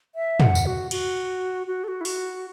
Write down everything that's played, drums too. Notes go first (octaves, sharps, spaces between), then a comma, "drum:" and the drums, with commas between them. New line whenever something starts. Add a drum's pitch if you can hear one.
E5
F#5, drum: tom
drum: tambourine
F#4
F#4, drum: cymbal
F#4
A4
F#4
E4
F#4, drum: open hi-hat